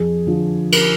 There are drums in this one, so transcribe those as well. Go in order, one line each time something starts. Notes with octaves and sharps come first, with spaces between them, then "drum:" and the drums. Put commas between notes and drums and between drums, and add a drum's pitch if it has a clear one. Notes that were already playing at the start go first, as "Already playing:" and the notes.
Already playing: F2 G#4
D3 F3
A#4, drum: cymbal